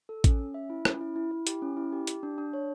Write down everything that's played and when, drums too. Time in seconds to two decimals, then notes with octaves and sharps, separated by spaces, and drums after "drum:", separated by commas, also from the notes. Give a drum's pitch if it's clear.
0.09 A4
0.24 C#4, drum: kick A1, hi-hat
0.39 C#4
0.54 E5
0.70 E4
0.85 C#4, drum: rim click
1.01 E4
1.16 E4
1.31 E4
1.47 G4, drum: hi-hat
1.62 C#4
1.77 E4
1.92 G4
2.07 G4, drum: hi-hat
2.23 D4
2.38 D4
2.54 C#5